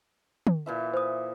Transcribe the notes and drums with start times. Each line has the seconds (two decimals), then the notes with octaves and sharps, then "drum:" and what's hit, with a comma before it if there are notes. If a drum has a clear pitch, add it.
0.47 drum: tom
0.66 A#2 E3 E5
0.94 C5 D#6